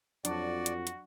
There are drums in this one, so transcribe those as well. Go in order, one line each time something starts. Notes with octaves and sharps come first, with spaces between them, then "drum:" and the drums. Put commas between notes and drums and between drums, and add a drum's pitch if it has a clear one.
F2 F#3 D4 F#4 D5, drum: hi-hat
drum: hi-hat
drum: hi-hat